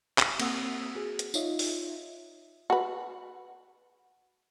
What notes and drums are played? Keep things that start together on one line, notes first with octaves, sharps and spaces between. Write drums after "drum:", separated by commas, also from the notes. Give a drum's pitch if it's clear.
drum: clap
A#3 C4 F#5 D#6 E6, drum: cymbal
F#4 G#4
drum: hi-hat
D#4 F4 C#5 D#5 E5, drum: tambourine
drum: open hi-hat
F#4 B4